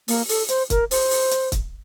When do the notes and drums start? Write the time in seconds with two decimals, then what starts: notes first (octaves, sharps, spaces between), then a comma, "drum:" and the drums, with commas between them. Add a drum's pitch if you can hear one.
0.08 A#3, drum: open hi-hat
0.29 A4, drum: open hi-hat
0.49 C5, drum: hi-hat
0.70 A#4, drum: kick, hi-hat
0.91 C5, drum: open hi-hat
1.11 drum: open hi-hat
1.31 drum: hi-hat
1.52 drum: kick, hi-hat